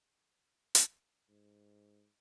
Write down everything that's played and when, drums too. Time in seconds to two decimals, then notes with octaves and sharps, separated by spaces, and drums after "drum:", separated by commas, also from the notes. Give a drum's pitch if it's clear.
0.75 drum: hi-hat
1.29 G#2